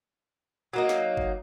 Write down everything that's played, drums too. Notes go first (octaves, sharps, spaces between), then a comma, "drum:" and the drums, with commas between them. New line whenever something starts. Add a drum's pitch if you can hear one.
F#3 A#3 D#4
drum: snare
drum: kick G1